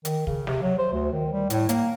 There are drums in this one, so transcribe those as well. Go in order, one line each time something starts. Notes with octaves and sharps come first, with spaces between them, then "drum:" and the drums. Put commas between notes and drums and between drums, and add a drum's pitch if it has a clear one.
D#3, drum: hi-hat
C#3, drum: kick
C3, drum: snare
F#3
C5
D2
D#3
G3
A2, drum: hi-hat
A#3, drum: hi-hat